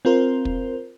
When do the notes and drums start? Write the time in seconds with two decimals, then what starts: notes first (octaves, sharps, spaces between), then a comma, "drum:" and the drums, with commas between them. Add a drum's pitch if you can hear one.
0.05 C4 F4 A#4 C5
0.45 drum: kick